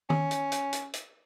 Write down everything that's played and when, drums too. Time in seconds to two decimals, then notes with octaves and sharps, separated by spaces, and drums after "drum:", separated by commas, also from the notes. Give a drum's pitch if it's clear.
0.10 C#4, drum: tom D#3
0.31 drum: hi-hat
0.52 drum: hi-hat
0.73 drum: hi-hat
0.93 drum: hi-hat